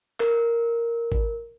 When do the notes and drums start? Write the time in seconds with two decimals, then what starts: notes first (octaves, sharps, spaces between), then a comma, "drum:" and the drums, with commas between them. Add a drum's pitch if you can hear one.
0.20 A#4, drum: clap
1.12 drum: kick